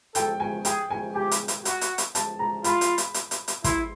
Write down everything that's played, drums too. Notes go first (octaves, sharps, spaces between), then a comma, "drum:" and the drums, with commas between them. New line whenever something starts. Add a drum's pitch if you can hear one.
A4 G5, drum: hi-hat
G#5
G#4 G5, drum: hi-hat
G#5
G4 G#5
drum: hi-hat
drum: hi-hat
F#4, drum: hi-hat
drum: hi-hat
drum: hi-hat
A5, drum: hi-hat
A#5
F4 B5, drum: hi-hat
drum: hi-hat
drum: hi-hat
drum: hi-hat
drum: hi-hat
drum: hi-hat
E4 C6, drum: kick, hi-hat